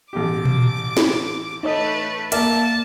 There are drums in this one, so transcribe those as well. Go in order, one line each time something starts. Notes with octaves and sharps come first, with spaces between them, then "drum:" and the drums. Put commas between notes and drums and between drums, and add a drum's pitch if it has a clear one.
A1 B2 G4 D6
drum: tom A#2
drum: snare
A3 D#4 B4 C#5 D#5
A#3 A#4 D5 E5 A5, drum: hi-hat